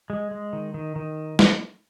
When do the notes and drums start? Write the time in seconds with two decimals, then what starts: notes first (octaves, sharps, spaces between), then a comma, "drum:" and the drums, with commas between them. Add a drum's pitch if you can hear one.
0.10 G#3
0.31 G#3
0.53 D#3
0.74 D#3
0.96 D#3
1.39 drum: snare